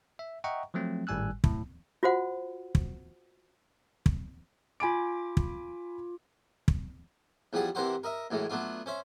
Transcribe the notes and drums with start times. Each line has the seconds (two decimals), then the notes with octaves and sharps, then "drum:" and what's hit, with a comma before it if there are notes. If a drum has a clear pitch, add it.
0.19 E5
0.44 D#5 E5 F#5 G5 A#5 C#6
0.74 F3 F#3 A3 C4
1.07 G#1 A2 G3 G#5 E6 F#6
1.44 A2, drum: kick
2.03 F4 F#4 C5 F#5
2.75 drum: kick
4.06 drum: kick
4.80 F4 G#5 B5 D6 D7
5.37 drum: kick
6.68 drum: kick
7.53 E2 F3 G3 G#4 F#5 A5
7.75 C3 E3 A#4 C5 F#5 C6
8.03 A#4 D#5 E5
8.31 F#2 A2 E3 G#3
8.50 F#3 A3 B3 D4 F4
8.86 C#4 C5 E5